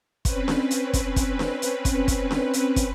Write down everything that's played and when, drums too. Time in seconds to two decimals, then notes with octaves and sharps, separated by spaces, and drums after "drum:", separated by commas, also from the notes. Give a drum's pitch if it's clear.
0.25 C4 C#4 B4, drum: kick, hi-hat
0.48 drum: snare D4
0.71 drum: hi-hat
0.93 drum: kick, hi-hat
1.16 drum: kick, hi-hat
1.39 drum: snare D4
1.62 drum: hi-hat
1.85 drum: kick, hi-hat
2.08 drum: kick, hi-hat
2.31 drum: snare D4
2.53 drum: hi-hat
2.76 drum: kick, hi-hat